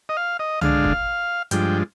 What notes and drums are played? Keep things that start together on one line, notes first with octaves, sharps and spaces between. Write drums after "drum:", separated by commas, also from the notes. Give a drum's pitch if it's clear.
D#5
F5
D#5
D3 G#3 D4 F5, drum: tom C2
drum: kick
G2 F3 G#3 D4 G5, drum: hi-hat